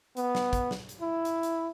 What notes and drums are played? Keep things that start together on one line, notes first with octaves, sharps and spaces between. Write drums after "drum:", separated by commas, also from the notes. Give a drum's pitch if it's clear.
B3, drum: hi-hat
drum: snare
drum: kick, hi-hat
drum: snare
drum: hi-hat
E4
drum: hi-hat
drum: hi-hat